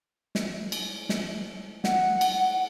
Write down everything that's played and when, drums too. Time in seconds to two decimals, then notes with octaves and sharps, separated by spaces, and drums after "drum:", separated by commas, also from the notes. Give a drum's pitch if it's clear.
0.35 drum: snare
0.72 drum: cymbal
1.09 drum: snare
1.84 F#5, drum: snare
2.21 drum: cymbal